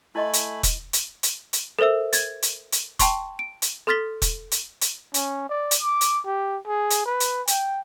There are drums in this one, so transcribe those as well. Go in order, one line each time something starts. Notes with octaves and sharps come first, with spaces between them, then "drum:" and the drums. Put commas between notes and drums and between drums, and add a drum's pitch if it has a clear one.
A3 E4 D#5 G#5 B5 C6
drum: hi-hat
drum: kick E1, hi-hat
drum: hi-hat
drum: hi-hat
drum: hi-hat
A4 A#4 C5 E5 E6
G#6 A6, drum: hi-hat
drum: hi-hat
drum: hi-hat
G5 A5 C6 C#6, drum: kick E1, hi-hat
D7
drum: hi-hat
A4 C6 F6 A6 B6 G7
drum: kick E1, hi-hat
drum: hi-hat
drum: hi-hat
C#4, drum: hi-hat
D5
drum: hi-hat
D6
drum: hi-hat
G4
G#4
drum: hi-hat
B4
drum: hi-hat
G5, drum: hi-hat